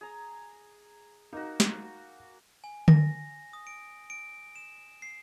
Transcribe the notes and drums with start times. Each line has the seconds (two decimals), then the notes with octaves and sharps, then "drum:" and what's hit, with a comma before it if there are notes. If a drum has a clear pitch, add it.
0.01 G#4 A#5
1.33 A#3 D#4 F#4
1.60 drum: snare
2.64 G#5
2.88 A#6, drum: tom D3
3.53 D#6
3.67 D7
4.10 D7
4.56 E7
5.02 C7